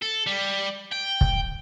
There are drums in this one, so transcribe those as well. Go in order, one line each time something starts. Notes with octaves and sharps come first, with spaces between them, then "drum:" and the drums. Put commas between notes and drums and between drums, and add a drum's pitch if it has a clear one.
A4
G3
G5
drum: kick